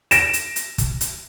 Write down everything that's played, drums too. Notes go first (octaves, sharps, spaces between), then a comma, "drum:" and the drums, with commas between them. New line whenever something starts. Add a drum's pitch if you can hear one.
A#6 D7 E7, drum: hi-hat
drum: hi-hat
drum: hi-hat
drum: kick, hi-hat
drum: hi-hat